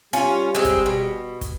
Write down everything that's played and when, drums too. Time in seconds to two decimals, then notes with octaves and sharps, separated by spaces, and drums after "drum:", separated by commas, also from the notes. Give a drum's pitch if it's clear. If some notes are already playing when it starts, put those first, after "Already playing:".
0.13 G3 C#4 F4 G4, drum: hi-hat
0.55 G#3 C4
0.64 drum: kick, hi-hat
0.86 B2
1.41 drum: kick, hi-hat